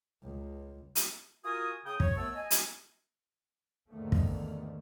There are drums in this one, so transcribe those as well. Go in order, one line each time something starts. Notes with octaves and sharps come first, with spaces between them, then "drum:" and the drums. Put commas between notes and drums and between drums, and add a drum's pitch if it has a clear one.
C#2
drum: hi-hat
F4 F#4 A#4 G#5 D#6
C#3 G5 D#6
C#5, drum: kick
D#2 A3 B3 C#5 A5 E6
D#5 G#5
drum: hi-hat
E2 G#2 D3 D#3 A3 A#3
drum: kick